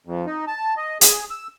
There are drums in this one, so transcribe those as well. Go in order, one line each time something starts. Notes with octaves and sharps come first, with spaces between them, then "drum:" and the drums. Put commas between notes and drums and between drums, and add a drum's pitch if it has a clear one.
F2
D#4
A5
D#5
G#4, drum: hi-hat
E6